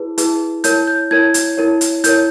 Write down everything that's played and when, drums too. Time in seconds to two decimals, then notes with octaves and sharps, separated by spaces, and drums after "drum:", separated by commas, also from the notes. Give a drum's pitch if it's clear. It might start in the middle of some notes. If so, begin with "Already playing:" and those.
Already playing: E4 G#4 B4
0.18 E4 G#4 B4, drum: hi-hat
0.64 E4 A#4 C#5 G6, drum: hi-hat
0.87 G6
1.11 E4 A#4 C#5 G#6
1.34 drum: hi-hat
1.58 E4 A#4 C#5
1.81 drum: hi-hat
2.04 E4 A#4 C#5 G6, drum: hi-hat